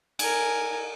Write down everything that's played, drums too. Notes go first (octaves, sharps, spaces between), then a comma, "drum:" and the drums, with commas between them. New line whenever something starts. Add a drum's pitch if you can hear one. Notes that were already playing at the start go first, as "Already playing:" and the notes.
A#4 G#5, drum: cymbal